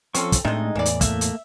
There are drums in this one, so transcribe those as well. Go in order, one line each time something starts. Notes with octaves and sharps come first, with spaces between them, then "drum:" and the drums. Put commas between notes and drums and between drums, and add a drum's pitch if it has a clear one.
F3 C4 C#4 A4 C#6, drum: hi-hat
drum: kick, hi-hat
A2 C3 G#3 A3 D4 D#4 D#5
E2 A2 E3 D5
drum: hi-hat
A3 A#3 E5, drum: kick, hi-hat
drum: hi-hat